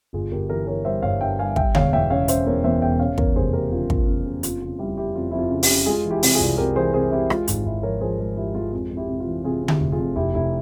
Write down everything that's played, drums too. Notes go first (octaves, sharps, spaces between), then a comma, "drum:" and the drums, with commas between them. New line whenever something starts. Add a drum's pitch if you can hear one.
G1 F4 G#4
G1 G4 A#4
E3 G4 A#4
E3 A#4 C#5
G3 C5 E5
G1 C#5 F5
G2 E5 G5
G3 F5 G#5
G3 E5 G5, drum: kick
E1 C#5 F5, drum: tom D3
E2 E5 G5
C#3 C#5 F5
C#3 C5 E5, drum: hi-hat
E2 A#4 C#5
E2 C5 E5
E1 E5 G5
C#3 C#5 F5
E2 A#4 C#5, drum: kick
F1 G#4 C5
F1 G4 A#4
C#3 F4
C#3, drum: kick
F4
C#3
C#3
F2 F4, drum: hi-hat
C#3 F4
G3 E4 G4
G3 E4 G4
F2 F4
F2 E4
F4
C#3
E4 G4, drum: open hi-hat
C#3
G#3 F4 G#4
E3
E4 G4
C3, drum: open hi-hat
F4 G#4
C2
C2 G4 A#4
E3 G#4 C5
C3 G#4 C5
C3 E4 G4
G#3 F4, drum: rim click
G#1 F4, drum: hi-hat
G#1 E4
F3 A#4 C#5
F3 G#4 C5
G#3
F3 E4 G4
G#3 F4
F2 F4
F2
E4 G4
C3
F4
E3
C3 F4 G#4
C3
E4 G4, drum: tom D3
F1
F4 G#4
F2
F1 E4 G4
F1 E4